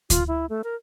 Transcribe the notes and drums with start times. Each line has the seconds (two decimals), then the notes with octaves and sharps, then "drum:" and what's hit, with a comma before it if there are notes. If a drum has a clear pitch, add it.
0.10 F4, drum: kick D2, hi-hat
0.28 E4
0.50 A3
0.64 A#4